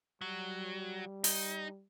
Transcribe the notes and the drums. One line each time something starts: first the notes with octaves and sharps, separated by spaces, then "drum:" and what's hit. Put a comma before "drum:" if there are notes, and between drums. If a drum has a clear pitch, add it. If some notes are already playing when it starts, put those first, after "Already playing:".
F#3 G3
D#4, drum: open hi-hat